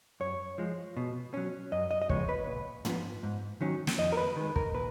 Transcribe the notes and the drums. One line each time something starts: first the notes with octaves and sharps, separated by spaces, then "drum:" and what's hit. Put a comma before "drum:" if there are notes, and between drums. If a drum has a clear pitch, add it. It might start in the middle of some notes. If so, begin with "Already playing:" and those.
F#2 C#5
F3 G#3
B2
F#3 C#4
F#2 D#5
D#5
D#5
C#3 F3 G#3 B3 C#5, drum: kick
B4
A#2
F3 B3, drum: tom
G#2
D#3 F#3 C#4
drum: snare
F2 D#5
A#4
B4
D#3 G#3
A#4, drum: kick
A#2 B4